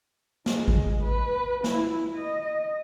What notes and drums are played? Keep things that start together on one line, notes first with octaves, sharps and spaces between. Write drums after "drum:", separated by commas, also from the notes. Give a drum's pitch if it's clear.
G#3, drum: snare
drum: kick G#1
B4
E4, drum: snare
D#5